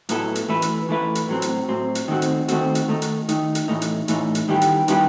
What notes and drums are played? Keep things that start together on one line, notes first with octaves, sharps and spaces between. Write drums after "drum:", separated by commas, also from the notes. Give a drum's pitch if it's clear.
A2 F#3 B3 E4 A4, drum: hi-hat
drum: hi-hat
E3 A3 E4 B4
drum: hi-hat
E3 A3 E4 B4
drum: hi-hat
A2 F#3 C4
drum: hi-hat
A2 F#3 C4
drum: hi-hat
D#3 A3 C4 F#4
drum: hi-hat
D#3 A3 C4 F#4, drum: hi-hat
drum: hi-hat
D#3 A3 D#4
drum: hi-hat
D#3 A3 D#4, drum: hi-hat
drum: hi-hat
A2 E3 A3 D#4
drum: hi-hat
A2 E3 A3 D#4, drum: hi-hat
drum: hi-hat
D#3 G3 B3 E4 G4
drum: hi-hat
D#3 G3 B3 E4 G4, drum: hi-hat